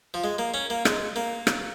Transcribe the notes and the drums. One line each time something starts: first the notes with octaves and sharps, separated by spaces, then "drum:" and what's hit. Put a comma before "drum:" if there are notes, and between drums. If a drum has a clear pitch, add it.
F3
G#3
A#3
C#4
A#3
G#3, drum: rim click
A#3
drum: rim click